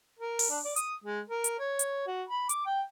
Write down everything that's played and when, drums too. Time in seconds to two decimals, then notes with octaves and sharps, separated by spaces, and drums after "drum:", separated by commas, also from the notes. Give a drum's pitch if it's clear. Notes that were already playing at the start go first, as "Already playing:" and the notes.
0.19 A#4
0.39 drum: open hi-hat
0.50 D4
0.64 D5
0.76 D#6, drum: hi-hat
1.04 G#3
1.30 A#4
1.44 drum: hi-hat
1.59 C#5
1.79 drum: hi-hat
2.07 F#4
2.30 B5
2.49 D6, drum: hi-hat
2.66 G5